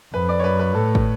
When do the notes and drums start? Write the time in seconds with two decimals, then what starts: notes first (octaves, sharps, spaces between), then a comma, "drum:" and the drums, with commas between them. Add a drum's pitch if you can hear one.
0.13 F2 B4
0.29 D5
0.40 C#5
0.44 F#2 B4
0.59 B4
0.74 A2 A4
0.95 drum: kick